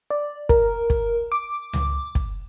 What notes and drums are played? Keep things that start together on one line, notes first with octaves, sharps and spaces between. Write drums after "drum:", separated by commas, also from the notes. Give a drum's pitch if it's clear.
D5
A#4, drum: kick
drum: kick
D6
drum: tom C#2
drum: kick